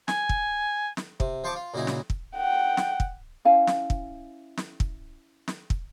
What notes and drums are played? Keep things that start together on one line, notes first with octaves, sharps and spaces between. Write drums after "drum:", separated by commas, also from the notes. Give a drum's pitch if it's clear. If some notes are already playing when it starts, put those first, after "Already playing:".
G#5, drum: snare
drum: kick
drum: snare
C3, drum: kick
F3 C5 A5 C#6 D6
F4
A#2 C#3 F#3 D#4 E4
drum: snare
drum: kick
F#5 G5
drum: snare
drum: kick
C#4 E4 F5 G#5
drum: snare
drum: kick
drum: snare
drum: kick
drum: snare
drum: kick